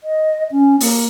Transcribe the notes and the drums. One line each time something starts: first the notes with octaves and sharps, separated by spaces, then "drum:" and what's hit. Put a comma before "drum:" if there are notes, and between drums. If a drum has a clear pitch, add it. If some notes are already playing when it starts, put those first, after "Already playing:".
D#5
C#4
A#3, drum: open hi-hat